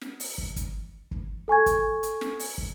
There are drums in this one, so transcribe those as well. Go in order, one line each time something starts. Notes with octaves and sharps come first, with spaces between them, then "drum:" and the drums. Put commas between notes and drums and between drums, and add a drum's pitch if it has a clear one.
drum: snare
drum: open hi-hat
drum: kick
drum: kick, hi-hat
drum: kick
A4 G#5 C#6 G#6
drum: kick, hi-hat
drum: hi-hat
drum: snare
drum: open hi-hat
drum: kick